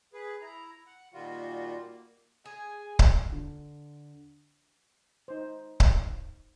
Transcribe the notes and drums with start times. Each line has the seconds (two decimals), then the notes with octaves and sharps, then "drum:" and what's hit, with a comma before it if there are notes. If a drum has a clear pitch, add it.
0.14 G#4 B4
0.42 E4 A#5
0.87 F#5
1.14 A#2 D#3 G3 F4 F#4
1.80 A#3
2.45 G#4 G#5
2.99 drum: kick C#1
3.32 D3
5.28 D#4 C5
5.80 drum: kick C#1